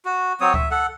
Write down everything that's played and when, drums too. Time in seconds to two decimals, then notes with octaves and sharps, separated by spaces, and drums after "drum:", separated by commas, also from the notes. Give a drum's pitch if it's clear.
0.05 F#4
0.41 F#3 C4 C#5 D#6
0.54 E5, drum: kick C#2
0.71 A4 F#5